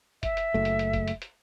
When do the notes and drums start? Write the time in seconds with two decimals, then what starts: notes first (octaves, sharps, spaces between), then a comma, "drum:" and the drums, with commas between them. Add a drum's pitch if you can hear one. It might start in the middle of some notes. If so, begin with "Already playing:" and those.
0.23 E5, drum: kick, hi-hat
0.37 drum: hi-hat
0.54 F#1 A3
0.65 drum: hi-hat
0.79 drum: hi-hat
0.93 drum: kick, hi-hat
1.08 drum: hi-hat
1.22 drum: hi-hat